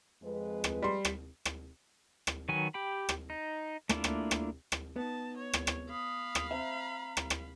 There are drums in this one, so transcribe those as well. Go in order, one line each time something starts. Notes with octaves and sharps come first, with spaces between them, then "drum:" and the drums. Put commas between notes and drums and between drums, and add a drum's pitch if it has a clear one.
F2 G#3 B4
drum: rim click
G3 C6
drum: rim click
drum: rim click
drum: rim click
D#3 F#3 F#4 B4 G#5
G4 G5 B5
drum: rim click
D#4
A3 A#3 D4 E4 F4, drum: rim click
drum: rim click
drum: rim click
drum: rim click
B3 D#4 A5
C#5
drum: rim click
drum: rim click
F5 B5 D#6
drum: rim click
C4 C5 E5 A#5
drum: rim click
drum: rim click